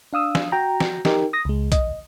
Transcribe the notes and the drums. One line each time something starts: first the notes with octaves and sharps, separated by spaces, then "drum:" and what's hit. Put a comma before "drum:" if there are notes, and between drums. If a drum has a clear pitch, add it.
D4 F5 D#6 E6
drum: snare
F#4 G5 A#5
drum: snare
D#4 G4 A#4, drum: snare
D#6 A#6
C#2 G#3
D#5, drum: kick B1, hi-hat